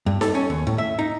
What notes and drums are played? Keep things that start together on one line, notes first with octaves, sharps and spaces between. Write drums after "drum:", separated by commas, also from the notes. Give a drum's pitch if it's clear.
G2
A4, drum: snare D#4
C#4
D#2
A2
E5
D#4